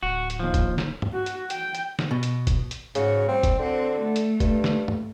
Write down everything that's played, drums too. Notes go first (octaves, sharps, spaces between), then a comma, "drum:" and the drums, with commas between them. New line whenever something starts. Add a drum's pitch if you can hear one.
D1 F#4
drum: hi-hat
D#2 F3
drum: kick, hi-hat
drum: snare
drum: tom
F#4
drum: hi-hat
G5, drum: hi-hat
drum: hi-hat
drum: snare
B2
drum: hi-hat
drum: kick, hi-hat
drum: hi-hat
G#2 C#3 F#4, drum: hi-hat
G3 C4
drum: kick, hi-hat
D3 C4 F#4
A3
drum: hi-hat
G2, drum: kick, hi-hat
drum: snare
drum: tom